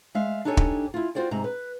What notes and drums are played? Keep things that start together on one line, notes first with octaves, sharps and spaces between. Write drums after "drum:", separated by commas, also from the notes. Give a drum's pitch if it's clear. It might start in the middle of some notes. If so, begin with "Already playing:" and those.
G#3 E5 F5
D4 D#4 G4 A4 C#5 G#5
drum: kick
E4 F4
F4 F#4 C5 D5 G5
G#2 C3 A#5
B4